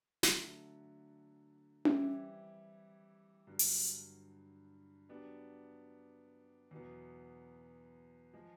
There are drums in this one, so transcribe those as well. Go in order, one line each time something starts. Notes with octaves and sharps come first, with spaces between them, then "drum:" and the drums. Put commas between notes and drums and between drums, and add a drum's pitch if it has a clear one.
D3 F#3 A3, drum: snare
E3 G3 C4 E4 G4, drum: tom C#4
G2 D3 F#3
drum: open hi-hat
F#3 B3 D4 G4
E2 B2 F#3 B3
F3 G#3